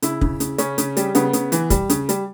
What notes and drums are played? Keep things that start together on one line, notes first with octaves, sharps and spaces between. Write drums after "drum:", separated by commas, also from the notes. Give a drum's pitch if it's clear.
C#3 E4, drum: hi-hat
C#3, drum: kick
C#3, drum: hi-hat
C#3 C#4, drum: hi-hat
C#3, drum: hi-hat
G3, drum: hi-hat
C#3 B3, drum: hi-hat
C#3, drum: hi-hat
E3, drum: hi-hat
G3, drum: kick, hi-hat
C#3, drum: hi-hat
G3, drum: hi-hat